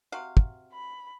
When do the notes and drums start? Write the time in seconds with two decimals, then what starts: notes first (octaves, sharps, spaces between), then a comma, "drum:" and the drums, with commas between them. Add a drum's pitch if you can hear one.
0.12 C3 F#4 F5
0.37 drum: kick
0.73 B5